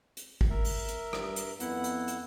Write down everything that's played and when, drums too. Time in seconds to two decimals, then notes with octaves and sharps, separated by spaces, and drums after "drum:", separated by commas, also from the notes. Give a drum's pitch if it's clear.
0.17 drum: hi-hat
0.41 drum: kick
0.50 A#4 E5
0.65 drum: open hi-hat
0.89 drum: hi-hat
1.13 G2, drum: rim click
1.36 drum: hi-hat
1.60 F2 B3 E4 F#5, drum: hi-hat
1.84 drum: hi-hat
2.08 drum: hi-hat